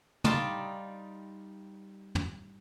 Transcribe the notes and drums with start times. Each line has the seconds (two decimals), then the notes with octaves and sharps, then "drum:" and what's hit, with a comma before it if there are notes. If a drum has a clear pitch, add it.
0.24 G3 D#4 F4 D5 A5 C6, drum: tom
2.15 drum: tom